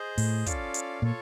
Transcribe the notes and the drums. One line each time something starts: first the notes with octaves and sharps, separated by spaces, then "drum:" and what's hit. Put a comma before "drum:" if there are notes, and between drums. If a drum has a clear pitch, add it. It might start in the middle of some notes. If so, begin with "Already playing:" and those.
Already playing: G#4 C5 D#5
A2, drum: open hi-hat
C#4 F4 A4 D5 F5, drum: kick, hi-hat
drum: hi-hat
A#2 F4 A4 C#5